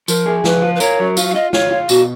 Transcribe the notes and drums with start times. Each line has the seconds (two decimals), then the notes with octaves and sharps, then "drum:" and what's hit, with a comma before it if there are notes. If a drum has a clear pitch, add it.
0.08 F3 A#4, drum: tambourine
0.26 G#4
0.44 F3 B4, drum: snare
0.62 F4
0.76 B4
0.80 A#4 C#5, drum: tambourine
0.99 F#3
1.17 F4 F5, drum: tambourine
1.28 F5
1.35 F4 D#5
1.53 F4 C#5, drum: snare
1.71 F4
1.89 B2 F#4, drum: tambourine